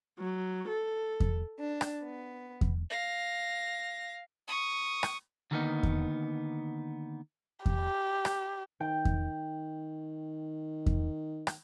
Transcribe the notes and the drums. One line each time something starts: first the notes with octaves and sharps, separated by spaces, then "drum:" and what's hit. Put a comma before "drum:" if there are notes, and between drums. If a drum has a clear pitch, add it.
F#3
A4
drum: kick E2
D4
drum: rim click
B3
drum: kick E2
F5 A#6
C#6 D#6
drum: rim click
D3 D#3 G3 A#3 B3 D#4
drum: kick E2
G4, drum: kick E2
drum: rim click
D#3 G5
drum: kick E2
drum: kick E2
drum: rim click